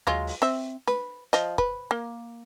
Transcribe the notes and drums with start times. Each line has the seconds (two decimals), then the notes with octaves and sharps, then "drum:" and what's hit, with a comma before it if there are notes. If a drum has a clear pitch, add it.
0.07 F#3 G#3 F4, drum: tom D#2
0.27 drum: open hi-hat
0.42 C4 E5
0.88 B4, drum: snare
1.33 F3 D#5, drum: hi-hat
1.58 B4, drum: kick
1.91 A#3